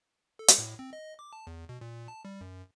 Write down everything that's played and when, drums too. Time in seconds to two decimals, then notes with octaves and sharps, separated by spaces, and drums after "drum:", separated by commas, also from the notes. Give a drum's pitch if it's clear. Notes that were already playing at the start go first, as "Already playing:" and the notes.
0.39 A4
0.48 drum: hi-hat
0.58 A2
0.79 C4
0.93 D#5
1.19 D6
1.33 A5
1.47 E2
1.69 B2
1.81 A#2
2.08 A5
2.25 G3
2.41 F#2